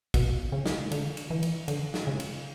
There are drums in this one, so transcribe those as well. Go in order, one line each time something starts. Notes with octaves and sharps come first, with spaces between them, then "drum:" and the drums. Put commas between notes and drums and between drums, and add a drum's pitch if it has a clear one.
B2, drum: kick, cymbal
C#3
drum: snare
D3, drum: cymbal
drum: cymbal
E3
drum: cymbal
D3, drum: cymbal
drum: snare
C#3
drum: cymbal